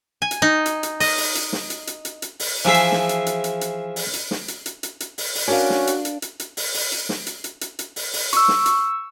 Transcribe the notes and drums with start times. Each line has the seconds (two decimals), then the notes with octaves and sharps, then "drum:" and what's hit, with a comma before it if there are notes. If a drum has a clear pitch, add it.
0.22 G#5
0.31 drum: hi-hat
0.42 D#4
0.66 drum: hi-hat
0.83 drum: hi-hat
1.00 D#5, drum: open hi-hat
1.18 drum: open hi-hat
1.35 drum: hi-hat
1.53 drum: snare
1.70 drum: hi-hat
1.87 drum: hi-hat
2.05 drum: hi-hat
2.22 drum: hi-hat
2.40 drum: open hi-hat
2.65 E3 F3 G#4 E5
2.74 drum: hi-hat
2.92 drum: snare
3.09 drum: hi-hat
3.26 drum: hi-hat
3.44 drum: hi-hat
3.61 drum: hi-hat
3.96 drum: open hi-hat
4.13 drum: hi-hat
4.31 drum: snare
4.48 drum: hi-hat
4.66 drum: hi-hat
4.83 drum: hi-hat
5.00 drum: hi-hat
5.18 drum: open hi-hat
5.35 drum: open hi-hat
5.48 C#4 D4 F#4 A#4 F5
5.70 drum: snare
5.87 drum: hi-hat
6.05 drum: hi-hat
6.22 drum: hi-hat
6.40 drum: hi-hat
6.57 drum: open hi-hat
6.74 drum: open hi-hat
6.92 drum: hi-hat
7.09 drum: snare
7.27 drum: hi-hat
7.44 drum: hi-hat
7.61 drum: hi-hat
7.79 drum: hi-hat
7.96 drum: open hi-hat
8.13 drum: open hi-hat
8.33 C#6 E6, drum: hi-hat
8.48 drum: snare
8.66 drum: hi-hat